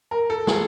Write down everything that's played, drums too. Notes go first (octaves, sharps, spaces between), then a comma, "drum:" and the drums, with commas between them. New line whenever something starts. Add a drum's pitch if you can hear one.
A#4
A4
G#4, drum: snare